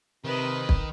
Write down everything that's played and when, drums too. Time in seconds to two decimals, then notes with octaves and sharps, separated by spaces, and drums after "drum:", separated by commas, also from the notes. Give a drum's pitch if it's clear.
0.24 C3 D#3 B4 D#5
0.69 drum: kick